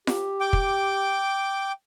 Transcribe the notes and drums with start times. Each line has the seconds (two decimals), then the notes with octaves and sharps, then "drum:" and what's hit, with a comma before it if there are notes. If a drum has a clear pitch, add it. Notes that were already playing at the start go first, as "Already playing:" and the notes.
0.07 G4, drum: snare F4
0.40 G5 D6
0.53 drum: kick